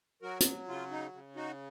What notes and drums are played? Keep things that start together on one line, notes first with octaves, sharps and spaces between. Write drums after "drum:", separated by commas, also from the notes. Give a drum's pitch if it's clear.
F#3 F#4 A#4
drum: hi-hat
C#3 F4
D#4
C#3
D#4 F#4